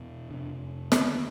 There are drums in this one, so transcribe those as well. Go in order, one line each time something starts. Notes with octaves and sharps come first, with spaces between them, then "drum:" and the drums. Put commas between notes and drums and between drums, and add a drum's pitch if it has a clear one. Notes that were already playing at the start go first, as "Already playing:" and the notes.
Already playing: E2 B2
F2 C3 D4
D#2 D3, drum: snare